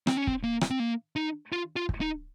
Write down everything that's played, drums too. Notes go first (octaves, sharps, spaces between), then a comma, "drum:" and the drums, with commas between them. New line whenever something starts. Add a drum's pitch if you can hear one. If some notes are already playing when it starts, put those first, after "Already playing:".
C4, drum: rim click
C#4
C4, drum: kick
A#3
drum: rim click
C4
A#3
D#4
F4
F4
drum: kick
D#4